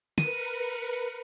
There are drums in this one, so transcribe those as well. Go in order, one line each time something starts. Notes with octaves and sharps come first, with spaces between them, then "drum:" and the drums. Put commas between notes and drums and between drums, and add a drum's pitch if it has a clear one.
A#4 B4 C#7 D#7, drum: snare
drum: hi-hat